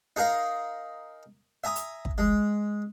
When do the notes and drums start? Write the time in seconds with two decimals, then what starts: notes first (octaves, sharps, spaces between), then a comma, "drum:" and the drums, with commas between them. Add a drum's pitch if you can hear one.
0.16 D#4 G#4 A#4 F5
1.64 E5 G#5 A#5 D#6
1.76 drum: hi-hat
2.05 drum: kick
2.18 G#3, drum: tom